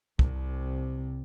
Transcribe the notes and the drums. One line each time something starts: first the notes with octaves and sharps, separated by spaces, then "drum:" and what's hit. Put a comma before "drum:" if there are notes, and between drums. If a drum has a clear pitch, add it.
C2 C3, drum: kick